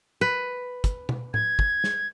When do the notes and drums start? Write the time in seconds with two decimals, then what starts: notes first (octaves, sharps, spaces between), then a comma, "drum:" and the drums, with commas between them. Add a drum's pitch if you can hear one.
0.21 B4
0.84 drum: kick, hi-hat
1.09 drum: tom B2
1.34 G#6, drum: tom A2
1.59 drum: kick
1.84 drum: snare